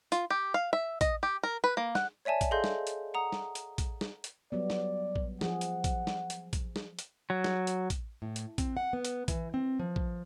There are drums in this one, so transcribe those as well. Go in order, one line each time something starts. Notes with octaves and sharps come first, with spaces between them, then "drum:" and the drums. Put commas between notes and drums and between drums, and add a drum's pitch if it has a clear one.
F4, drum: hi-hat
G4
F5
E5
D#5, drum: kick, hi-hat
G4
A#4
B4
A#3
F#5, drum: snare
C#5 D5 E5 G#5 A5
drum: kick, hi-hat
G#4 A4 D#5 F5 C6 G6
drum: snare
drum: hi-hat
F#5 A#5 D#6
drum: snare
drum: hi-hat
drum: kick, hi-hat
drum: snare
drum: hi-hat
F#3 G3 B3 D5
drum: snare
drum: kick
F3 G#4 F#5, drum: snare
drum: hi-hat
drum: kick, hi-hat
drum: snare
drum: hi-hat
drum: kick, hi-hat
drum: snare
drum: hi-hat
F#3
drum: snare
drum: hi-hat
drum: kick, hi-hat
A2
drum: hi-hat
C4, drum: kick, hi-hat
F#5
B3
drum: hi-hat
E3, drum: kick, hi-hat
C4
F3
drum: kick